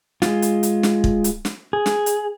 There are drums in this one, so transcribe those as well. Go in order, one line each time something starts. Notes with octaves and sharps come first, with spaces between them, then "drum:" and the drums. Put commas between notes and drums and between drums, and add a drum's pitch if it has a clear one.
G#3 F4, drum: snare
drum: hi-hat
drum: hi-hat
drum: snare
drum: kick
drum: hi-hat
drum: snare
G#4
drum: snare
drum: hi-hat